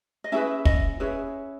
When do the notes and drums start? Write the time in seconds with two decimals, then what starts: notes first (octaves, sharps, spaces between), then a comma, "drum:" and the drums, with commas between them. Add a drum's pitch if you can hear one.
0.24 D#5
0.32 C#4 E4 G#4 B4 E5
0.65 D#5, drum: kick
1.00 C#4 E4 G#4 B4 C#5